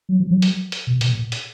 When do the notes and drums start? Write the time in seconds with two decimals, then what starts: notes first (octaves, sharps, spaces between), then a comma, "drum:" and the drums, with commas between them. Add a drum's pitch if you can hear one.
0.09 F#3
0.20 F3
0.31 F#3
0.42 drum: hi-hat
0.72 drum: hi-hat
0.87 B2
1.01 B2, drum: hi-hat
1.09 A#2
1.32 drum: hi-hat